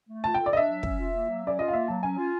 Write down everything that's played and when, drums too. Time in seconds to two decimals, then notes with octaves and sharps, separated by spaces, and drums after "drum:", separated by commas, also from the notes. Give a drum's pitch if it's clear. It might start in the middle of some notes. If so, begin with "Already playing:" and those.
0.09 A3
0.24 F4 A5
0.34 A4 G5
0.46 D5
0.53 D4 D#5 E5
0.69 F#3
0.83 C#4, drum: kick
0.99 F4
1.14 A#3
1.29 F#3
1.43 C#4 D5
1.59 F4 D#5
1.68 F5
1.73 A#3 E5
1.88 F#3 A5
2.03 C#4 G#5
2.18 F4